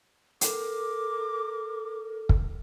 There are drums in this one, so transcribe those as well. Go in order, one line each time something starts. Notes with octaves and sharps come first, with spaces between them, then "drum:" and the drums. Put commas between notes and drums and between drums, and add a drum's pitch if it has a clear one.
A4 A#4 D6, drum: hi-hat
drum: kick